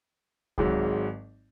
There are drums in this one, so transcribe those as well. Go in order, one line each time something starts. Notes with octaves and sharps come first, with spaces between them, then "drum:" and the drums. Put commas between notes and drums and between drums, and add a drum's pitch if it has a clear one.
G#1 G#2 F#3, drum: kick C2